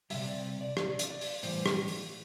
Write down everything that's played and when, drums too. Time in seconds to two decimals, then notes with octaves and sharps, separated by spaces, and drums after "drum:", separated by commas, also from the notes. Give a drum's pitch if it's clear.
0.10 C3 E3 G3 E5, drum: open hi-hat
0.27 D5
0.61 D5
0.77 D5, drum: rim click
0.99 drum: hi-hat
1.10 D5
1.21 drum: open hi-hat
1.43 A2 E3 G3 C5, drum: open hi-hat
1.66 drum: rim click
1.88 drum: open hi-hat